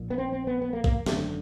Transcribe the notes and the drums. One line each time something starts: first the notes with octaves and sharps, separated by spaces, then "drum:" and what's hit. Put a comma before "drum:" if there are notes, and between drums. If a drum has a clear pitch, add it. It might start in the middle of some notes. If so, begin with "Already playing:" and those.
Already playing: A#1 A#2
B3
C4
C4
B3
B3
A#3
A#3, drum: kick
G#1 F#2 D3 A3, drum: snare